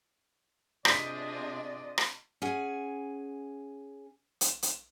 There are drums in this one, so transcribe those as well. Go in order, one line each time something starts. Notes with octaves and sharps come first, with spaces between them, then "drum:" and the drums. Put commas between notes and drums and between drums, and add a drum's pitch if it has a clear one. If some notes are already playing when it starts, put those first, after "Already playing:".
C3 D4 F4 G#4 D5 D#5 G6 B6, drum: rim click
drum: rim click
C#4 G#4 F#5 G#5
drum: hi-hat
drum: hi-hat